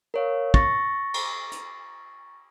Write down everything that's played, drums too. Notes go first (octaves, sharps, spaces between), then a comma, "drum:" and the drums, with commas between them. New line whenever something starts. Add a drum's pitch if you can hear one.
A#4 C#5 F5
C#6 A6 A#6, drum: kick
drum: cymbal
drum: hi-hat